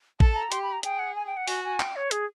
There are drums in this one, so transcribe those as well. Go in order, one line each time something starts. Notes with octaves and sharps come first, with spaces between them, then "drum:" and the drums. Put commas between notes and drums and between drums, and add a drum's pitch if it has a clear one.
A4 A5, drum: kick A1
A#5
G4 C6, drum: hi-hat
B5
A#5
G#4 G5, drum: hi-hat
F#5
G#5
G5
F#5
F#4 G#5, drum: open hi-hat
G#5
G5, drum: clap
C#5
G#4, drum: hi-hat